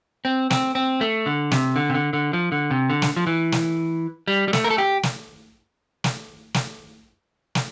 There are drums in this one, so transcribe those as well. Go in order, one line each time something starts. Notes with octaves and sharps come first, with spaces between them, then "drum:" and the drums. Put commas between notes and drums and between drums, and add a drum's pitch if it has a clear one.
C4
C4, drum: snare
C4
A3
D3
C3, drum: snare
D3
C3
D3
D3
F3
D3
C3
D3
drum: snare
F3
E3
drum: snare
G3
G3
A3, drum: snare
A#4
A4
G4
drum: snare
drum: snare
drum: snare
drum: snare